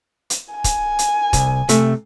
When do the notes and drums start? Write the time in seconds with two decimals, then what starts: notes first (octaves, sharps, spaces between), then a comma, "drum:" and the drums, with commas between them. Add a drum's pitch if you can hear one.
0.30 drum: hi-hat
0.54 G#5
0.64 drum: kick, hi-hat
0.99 drum: hi-hat
1.33 C2, drum: kick, hi-hat
1.69 C3 A3, drum: hi-hat